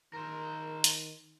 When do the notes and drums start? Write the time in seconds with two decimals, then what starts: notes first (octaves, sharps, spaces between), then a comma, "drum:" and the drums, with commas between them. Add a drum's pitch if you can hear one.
0.13 D#3 A#4 C5
0.84 drum: hi-hat